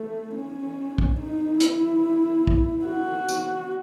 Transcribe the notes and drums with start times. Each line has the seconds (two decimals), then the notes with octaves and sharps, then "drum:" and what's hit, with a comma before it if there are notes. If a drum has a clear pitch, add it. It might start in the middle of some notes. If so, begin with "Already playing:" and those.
Already playing: A3
0.35 C#4
0.98 drum: kick
1.19 D#4
1.60 E4, drum: hi-hat
2.47 drum: kick
2.86 F#4
3.29 drum: tambourine